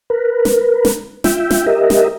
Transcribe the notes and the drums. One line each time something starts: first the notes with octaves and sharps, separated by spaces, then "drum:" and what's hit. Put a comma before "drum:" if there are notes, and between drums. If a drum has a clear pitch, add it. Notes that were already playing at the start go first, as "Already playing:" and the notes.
A#4 B4
drum: snare
drum: snare
F4 E5 G5, drum: snare
drum: snare
G4 A#4 D#5 E5
drum: snare